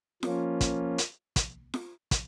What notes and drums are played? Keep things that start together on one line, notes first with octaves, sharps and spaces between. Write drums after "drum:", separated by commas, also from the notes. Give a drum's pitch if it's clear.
F3 A#3 C#4 F4, drum: snare F4
drum: kick, hi-hat
drum: hi-hat
drum: kick, hi-hat
drum: snare F4
drum: kick, hi-hat